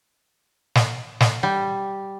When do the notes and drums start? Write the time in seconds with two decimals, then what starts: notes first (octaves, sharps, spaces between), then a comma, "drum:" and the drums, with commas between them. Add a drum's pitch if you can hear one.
0.75 drum: snare
1.20 drum: snare
1.43 G3